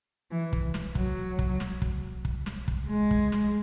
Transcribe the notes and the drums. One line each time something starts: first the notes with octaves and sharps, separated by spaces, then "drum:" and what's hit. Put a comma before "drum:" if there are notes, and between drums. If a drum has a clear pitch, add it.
E3
drum: kick
drum: snare
F#3, drum: kick
drum: kick
drum: snare
drum: kick
drum: kick
drum: snare
drum: kick
G#3
drum: kick
drum: snare